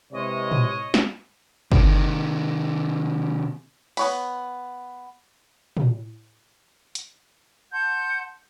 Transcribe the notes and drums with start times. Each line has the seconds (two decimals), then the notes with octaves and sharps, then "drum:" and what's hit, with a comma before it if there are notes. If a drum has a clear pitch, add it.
0.12 C3 E3 G#3 C#5 D#5
0.52 drum: tom
0.94 drum: snare
1.72 C3 D#3, drum: kick
3.97 B3 C#5 B5, drum: open hi-hat
5.77 drum: tom
6.95 drum: hi-hat
7.72 F#5 A5 C6 G6